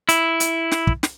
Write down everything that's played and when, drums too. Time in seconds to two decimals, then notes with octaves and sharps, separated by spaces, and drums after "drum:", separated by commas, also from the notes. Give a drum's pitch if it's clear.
0.09 E4, drum: hi-hat
0.40 drum: hi-hat
0.71 drum: snare
0.87 drum: kick
1.03 drum: snare